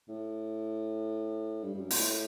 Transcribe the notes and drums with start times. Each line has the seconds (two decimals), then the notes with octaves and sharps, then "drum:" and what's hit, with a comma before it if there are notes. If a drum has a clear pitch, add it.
0.09 A2
1.63 G2
1.74 G2
1.80 F#2
1.90 A#2, drum: open hi-hat
1.97 A2